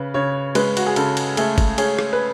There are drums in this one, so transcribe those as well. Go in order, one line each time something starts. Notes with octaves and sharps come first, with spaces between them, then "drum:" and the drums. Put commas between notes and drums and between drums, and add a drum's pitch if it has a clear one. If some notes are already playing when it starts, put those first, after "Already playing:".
Already playing: C#3 B4
C#3 C#5
G#3 B4, drum: cymbal
F#4, drum: cymbal
G#4
C#3 A4, drum: cymbal
drum: cymbal
A3 G#4, drum: cymbal
drum: kick, cymbal
C#4 G#4, drum: cymbal
drum: rim click
B4